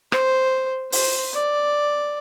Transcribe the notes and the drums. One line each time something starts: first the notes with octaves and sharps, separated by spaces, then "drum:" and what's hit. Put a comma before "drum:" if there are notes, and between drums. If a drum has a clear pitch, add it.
C5, drum: rim click
C5, drum: open hi-hat
D5